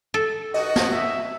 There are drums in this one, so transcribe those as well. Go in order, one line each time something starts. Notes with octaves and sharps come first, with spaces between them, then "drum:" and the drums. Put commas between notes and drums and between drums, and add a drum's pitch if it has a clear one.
A4
G2 D#3 F#4 D#5
drum: snare
E5